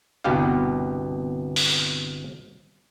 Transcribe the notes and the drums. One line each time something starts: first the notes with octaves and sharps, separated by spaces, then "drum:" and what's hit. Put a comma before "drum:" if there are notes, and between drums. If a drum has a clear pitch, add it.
G1 C2 B2 B3 G4 F5
drum: open hi-hat